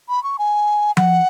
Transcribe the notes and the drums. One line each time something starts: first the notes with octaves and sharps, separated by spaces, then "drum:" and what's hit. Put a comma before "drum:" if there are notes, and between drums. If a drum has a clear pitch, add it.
B5
C#6
G#5
F#5, drum: tom F3